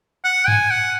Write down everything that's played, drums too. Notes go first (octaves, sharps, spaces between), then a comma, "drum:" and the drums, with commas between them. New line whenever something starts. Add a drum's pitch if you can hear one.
F#5
G#5, drum: tom G2
F#5